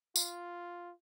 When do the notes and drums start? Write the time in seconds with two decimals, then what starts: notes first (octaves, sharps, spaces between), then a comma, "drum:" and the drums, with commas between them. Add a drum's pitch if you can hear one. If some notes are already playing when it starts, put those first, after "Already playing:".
0.16 F4, drum: tambourine